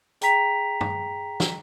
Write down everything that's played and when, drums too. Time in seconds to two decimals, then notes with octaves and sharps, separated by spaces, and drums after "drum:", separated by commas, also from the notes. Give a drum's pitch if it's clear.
0.21 G#4 G5 A#5 B6 F7, drum: hi-hat
0.81 drum: tom
1.40 drum: snare